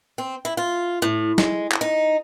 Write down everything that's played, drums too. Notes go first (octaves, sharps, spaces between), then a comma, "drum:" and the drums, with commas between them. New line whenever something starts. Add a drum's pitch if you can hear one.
C4
E4
F4
A2
G#3, drum: snare
drum: clap
D#4